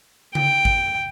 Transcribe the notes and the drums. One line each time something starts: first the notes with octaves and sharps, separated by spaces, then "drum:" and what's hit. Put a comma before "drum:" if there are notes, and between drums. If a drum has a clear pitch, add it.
G5, drum: tom C#3
drum: kick G#1